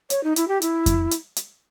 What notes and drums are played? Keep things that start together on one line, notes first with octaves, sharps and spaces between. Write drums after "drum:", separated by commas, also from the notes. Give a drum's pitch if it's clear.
C#5, drum: hi-hat
D#4
E4, drum: hi-hat
G4
E4, drum: hi-hat
drum: kick F2, hi-hat
drum: hi-hat
drum: hi-hat